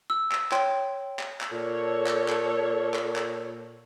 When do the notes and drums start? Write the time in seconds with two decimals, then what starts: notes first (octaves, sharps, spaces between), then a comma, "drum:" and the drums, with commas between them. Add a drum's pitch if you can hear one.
0.10 E6
0.32 drum: clap
0.52 C#5 G5 C6, drum: clap
1.19 drum: clap
1.41 drum: clap
1.52 A#2 A4 C#5
2.07 drum: clap
2.28 drum: clap
2.94 drum: clap
3.16 drum: clap